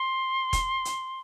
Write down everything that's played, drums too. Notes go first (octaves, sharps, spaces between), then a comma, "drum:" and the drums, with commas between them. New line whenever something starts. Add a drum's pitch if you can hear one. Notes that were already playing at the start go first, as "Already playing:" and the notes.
Already playing: C6
drum: kick E1, hi-hat
drum: hi-hat